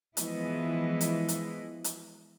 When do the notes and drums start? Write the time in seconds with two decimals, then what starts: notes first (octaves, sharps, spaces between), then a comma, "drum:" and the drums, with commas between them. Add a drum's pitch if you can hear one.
0.17 E3 F3 G#3 B3 E4 D#5, drum: hi-hat
1.01 drum: hi-hat
1.28 drum: hi-hat
1.84 drum: hi-hat